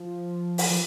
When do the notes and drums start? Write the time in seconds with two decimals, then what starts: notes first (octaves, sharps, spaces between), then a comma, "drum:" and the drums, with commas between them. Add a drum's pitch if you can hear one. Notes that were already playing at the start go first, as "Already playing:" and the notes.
Already playing: F3
0.58 drum: open hi-hat
0.70 F3